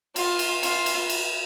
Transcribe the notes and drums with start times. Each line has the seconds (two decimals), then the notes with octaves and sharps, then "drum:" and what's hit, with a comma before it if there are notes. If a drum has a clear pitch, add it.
0.16 F4, drum: cymbal
0.39 drum: cymbal
0.63 F4, drum: cymbal
0.86 drum: cymbal
1.10 drum: cymbal